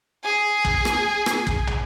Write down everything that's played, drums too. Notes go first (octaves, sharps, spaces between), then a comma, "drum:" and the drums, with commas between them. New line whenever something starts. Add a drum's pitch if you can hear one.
G#4 G#5
drum: kick
drum: rim click
drum: rim click
drum: kick
drum: tom